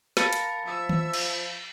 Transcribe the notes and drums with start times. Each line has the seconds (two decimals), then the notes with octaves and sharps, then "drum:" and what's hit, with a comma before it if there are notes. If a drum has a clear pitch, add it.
0.17 A#4 F5 A5 B5 A6 C#7, drum: snare
0.33 drum: hi-hat
0.66 F3 E5 E6
0.89 drum: tom D#3
1.13 drum: cymbal